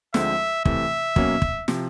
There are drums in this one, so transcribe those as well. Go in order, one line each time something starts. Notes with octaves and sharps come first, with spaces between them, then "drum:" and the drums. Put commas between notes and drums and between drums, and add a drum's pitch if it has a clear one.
D2 D3 F3 G#3 C4 E5, drum: snare
C3 E3 A3 E5, drum: kick
B2 F#3 A#3 C#4, drum: kick
drum: kick
C3 F3, drum: snare